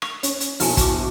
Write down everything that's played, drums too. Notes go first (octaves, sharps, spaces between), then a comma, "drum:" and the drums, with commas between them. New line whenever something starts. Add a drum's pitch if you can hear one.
C#6 F7, drum: rim click
C#4, drum: hi-hat
drum: hi-hat
A#1 B2 E4 G#5 A5 F6, drum: open hi-hat
A5 C#6 D6, drum: kick, hi-hat